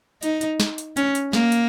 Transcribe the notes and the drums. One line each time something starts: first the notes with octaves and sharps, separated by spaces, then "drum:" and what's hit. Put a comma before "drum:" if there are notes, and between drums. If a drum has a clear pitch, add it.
D#4, drum: hi-hat
drum: hi-hat
drum: snare
drum: hi-hat
C#4, drum: hi-hat
drum: hi-hat
A#3, drum: snare
drum: hi-hat